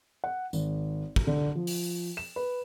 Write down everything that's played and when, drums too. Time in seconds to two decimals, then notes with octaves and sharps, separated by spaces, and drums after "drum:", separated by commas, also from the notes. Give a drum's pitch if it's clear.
0.24 F#5
0.53 G#1, drum: tambourine
1.16 drum: kick
1.27 D3
1.55 F3
1.67 drum: open hi-hat
2.17 E7
2.36 B4